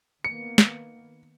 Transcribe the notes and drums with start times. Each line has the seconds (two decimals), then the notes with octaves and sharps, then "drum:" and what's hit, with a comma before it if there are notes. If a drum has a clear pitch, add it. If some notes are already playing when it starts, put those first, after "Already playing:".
0.25 D#3 A#3 B3 C#7
0.58 drum: snare